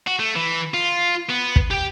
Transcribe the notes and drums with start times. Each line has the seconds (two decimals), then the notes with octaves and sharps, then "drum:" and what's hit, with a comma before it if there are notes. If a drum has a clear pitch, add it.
0.07 F#4
0.19 A3
0.35 E3
0.74 F4
1.30 B3
1.56 drum: kick
1.71 G4 G5